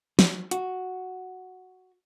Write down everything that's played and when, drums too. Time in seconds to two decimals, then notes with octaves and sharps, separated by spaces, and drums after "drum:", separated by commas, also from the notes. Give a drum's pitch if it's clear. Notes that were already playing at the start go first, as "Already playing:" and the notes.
0.19 F#3, drum: snare
0.51 F#4, drum: hi-hat